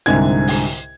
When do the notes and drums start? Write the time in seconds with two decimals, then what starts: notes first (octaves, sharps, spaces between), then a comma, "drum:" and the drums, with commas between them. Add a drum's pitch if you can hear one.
0.06 C2 G#2 D3 G#5 G#6
0.48 drum: open hi-hat